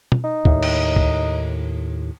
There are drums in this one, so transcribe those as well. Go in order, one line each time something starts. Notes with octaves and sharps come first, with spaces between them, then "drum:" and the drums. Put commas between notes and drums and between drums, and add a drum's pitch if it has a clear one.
drum: tom
D#4
D#2 A2, drum: kick C#2
drum: cymbal
drum: kick C#2